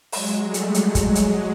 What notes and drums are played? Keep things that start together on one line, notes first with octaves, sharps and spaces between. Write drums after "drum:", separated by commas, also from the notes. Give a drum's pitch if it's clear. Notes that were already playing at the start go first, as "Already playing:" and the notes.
F#3 G#3, drum: open hi-hat
G3 A3
drum: hi-hat
F#3 G#3, drum: hi-hat
drum: kick, hi-hat
drum: hi-hat